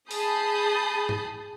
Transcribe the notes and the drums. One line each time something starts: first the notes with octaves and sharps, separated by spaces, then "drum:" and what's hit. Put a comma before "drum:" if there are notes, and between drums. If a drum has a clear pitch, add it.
G#4 A5 B5 D#6 G6 C7, drum: open hi-hat
drum: tom G#2